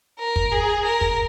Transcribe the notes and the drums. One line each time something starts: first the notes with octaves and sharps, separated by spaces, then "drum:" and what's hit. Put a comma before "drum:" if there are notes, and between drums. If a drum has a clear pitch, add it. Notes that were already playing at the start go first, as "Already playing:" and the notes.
A#4
drum: kick
G#4
A#4
drum: kick